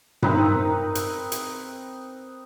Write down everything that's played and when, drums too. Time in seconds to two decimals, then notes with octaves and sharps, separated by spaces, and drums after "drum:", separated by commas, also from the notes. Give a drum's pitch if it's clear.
0.22 C4 D#4 A#4 B4, drum: tom G2
0.95 drum: hi-hat
1.32 drum: hi-hat